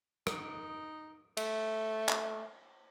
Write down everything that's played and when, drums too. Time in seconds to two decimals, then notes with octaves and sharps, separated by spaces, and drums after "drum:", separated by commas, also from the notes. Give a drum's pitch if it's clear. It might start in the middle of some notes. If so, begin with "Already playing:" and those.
0.27 D#4, drum: rim click
1.37 A3, drum: cymbal
2.09 drum: clap